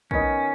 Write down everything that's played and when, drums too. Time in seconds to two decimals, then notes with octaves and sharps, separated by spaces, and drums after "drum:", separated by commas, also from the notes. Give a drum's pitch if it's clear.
0.11 D#3 B3 C#4 D#4 B4 D#5, drum: kick